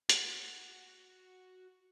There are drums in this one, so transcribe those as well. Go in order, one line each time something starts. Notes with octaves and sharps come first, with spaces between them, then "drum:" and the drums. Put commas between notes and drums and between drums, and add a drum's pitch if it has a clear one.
F#4 F#5, drum: hi-hat